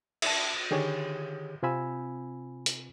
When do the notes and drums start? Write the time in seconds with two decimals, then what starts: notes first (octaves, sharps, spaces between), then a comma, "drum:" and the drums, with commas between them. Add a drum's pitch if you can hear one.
0.22 E5 A5, drum: cymbal
0.71 D3 D#3 G4 G#4 C#5
1.63 C3 C4 F4 G#5 B5 E6
2.66 drum: hi-hat